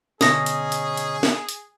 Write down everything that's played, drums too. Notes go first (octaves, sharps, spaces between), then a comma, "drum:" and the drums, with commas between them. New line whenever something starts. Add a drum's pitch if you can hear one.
B2 D3 C#4 D#4 G#4 D#6 A#6, drum: snare
drum: hi-hat
drum: hi-hat
drum: hi-hat
drum: snare
drum: hi-hat